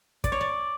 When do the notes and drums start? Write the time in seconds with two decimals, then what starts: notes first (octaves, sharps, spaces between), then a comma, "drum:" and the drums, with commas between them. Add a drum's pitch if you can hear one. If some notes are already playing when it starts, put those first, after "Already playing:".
0.24 D5, drum: kick, hi-hat
0.32 C#5
0.41 D5